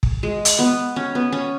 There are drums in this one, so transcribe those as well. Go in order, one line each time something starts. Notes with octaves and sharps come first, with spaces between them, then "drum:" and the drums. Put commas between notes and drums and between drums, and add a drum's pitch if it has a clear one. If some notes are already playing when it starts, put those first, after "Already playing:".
drum: kick
G#3
drum: hi-hat
B3
C#4
B3
C#4